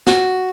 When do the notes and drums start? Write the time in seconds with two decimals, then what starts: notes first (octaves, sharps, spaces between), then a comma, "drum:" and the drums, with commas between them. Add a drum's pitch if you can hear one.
0.07 F#4, drum: snare